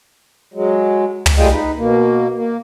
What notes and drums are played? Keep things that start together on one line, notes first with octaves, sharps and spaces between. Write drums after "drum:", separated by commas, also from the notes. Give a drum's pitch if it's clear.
F#3 G#3
drum: tom
G3 A3 F4 G#4 D#5 G5
D#4 B4
B2 A#3
A#3